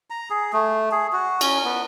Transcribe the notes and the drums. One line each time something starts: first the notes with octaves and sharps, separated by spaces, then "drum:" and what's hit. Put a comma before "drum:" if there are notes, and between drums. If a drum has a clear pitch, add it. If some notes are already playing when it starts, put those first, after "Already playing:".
A#5
G#4
A3
G#4
F#4
C#4, drum: cymbal
B3